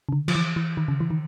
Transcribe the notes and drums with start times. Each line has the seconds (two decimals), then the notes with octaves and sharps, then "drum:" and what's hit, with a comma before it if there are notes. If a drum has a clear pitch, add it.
0.09 C#3
0.13 D3
0.28 F3, drum: cymbal
0.35 E3
0.56 E3
0.77 D#3
0.88 C#3
1.00 E3
1.10 D#3